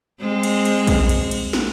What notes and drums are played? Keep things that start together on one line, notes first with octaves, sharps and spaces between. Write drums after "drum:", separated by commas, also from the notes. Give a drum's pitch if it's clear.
G#3 C4
drum: cymbal
drum: cymbal
drum: kick A#1, cymbal
drum: cymbal
drum: cymbal
drum: snare